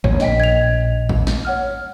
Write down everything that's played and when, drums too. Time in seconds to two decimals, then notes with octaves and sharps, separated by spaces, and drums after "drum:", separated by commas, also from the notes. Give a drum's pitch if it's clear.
0.04 A#1 C#5, drum: kick A1
0.20 D#5 G5 B6, drum: snare
0.40 G#6 F7
1.09 drum: kick A1
1.27 drum: snare
1.45 C#5 F#5 F6